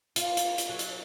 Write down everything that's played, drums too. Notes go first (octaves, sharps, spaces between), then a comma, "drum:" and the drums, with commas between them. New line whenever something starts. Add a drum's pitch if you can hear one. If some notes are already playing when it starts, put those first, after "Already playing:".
F4, drum: hi-hat
drum: hi-hat
drum: hi-hat
F#3
drum: hi-hat